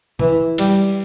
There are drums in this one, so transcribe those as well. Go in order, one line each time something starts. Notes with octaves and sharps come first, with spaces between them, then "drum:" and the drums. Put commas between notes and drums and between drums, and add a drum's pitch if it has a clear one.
E3, drum: tom B2
G3, drum: cymbal